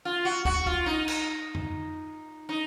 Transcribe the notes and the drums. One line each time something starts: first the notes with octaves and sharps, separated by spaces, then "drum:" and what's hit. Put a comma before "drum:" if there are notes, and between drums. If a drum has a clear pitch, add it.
F4
F#4
F#4, drum: kick
F4, drum: kick
D#4
drum: cymbal
drum: tom F2
D#4